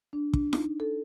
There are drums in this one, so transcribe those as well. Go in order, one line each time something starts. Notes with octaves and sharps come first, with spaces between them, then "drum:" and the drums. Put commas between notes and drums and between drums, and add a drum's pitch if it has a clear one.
D4
D4, drum: kick
D#4, drum: snare
A4